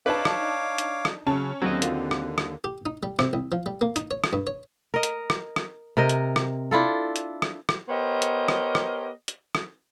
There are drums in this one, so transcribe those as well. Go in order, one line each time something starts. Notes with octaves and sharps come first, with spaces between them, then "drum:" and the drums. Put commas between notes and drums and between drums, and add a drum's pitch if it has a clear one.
D4 D#4 B4 C#5 F5 A5 D6
drum: rim click
drum: hi-hat
drum: rim click
C#3 F#3 C#4 A5
D#2 D3 F#3 C4 F#4 D#5
A#3 F4, drum: hi-hat
drum: rim click
drum: rim click
G4
D#4
G3
C3, drum: rim click
C2
F3
G3
A#3
D#4, drum: hi-hat
C#5
drum: rim click
G2
C#5
A#4 D#5
drum: hi-hat
drum: rim click
drum: rim click
C3 A#4 D#5
drum: hi-hat
drum: rim click
D4 E4 F4 A4
drum: hi-hat
drum: rim click
drum: rim click
B3 G4 A#4 C5 C#5 D#5
drum: hi-hat
drum: rim click
drum: rim click
drum: hi-hat
drum: rim click